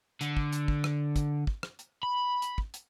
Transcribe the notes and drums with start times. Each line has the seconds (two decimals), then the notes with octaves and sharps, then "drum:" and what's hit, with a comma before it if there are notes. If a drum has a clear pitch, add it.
0.21 D3, drum: hi-hat
0.37 drum: kick
0.52 drum: hi-hat
0.68 drum: kick
0.84 drum: rim click
1.16 drum: kick, hi-hat
1.47 drum: kick
1.63 drum: rim click
1.79 drum: hi-hat
2.03 B5
2.42 drum: hi-hat
2.58 drum: kick
2.74 drum: hi-hat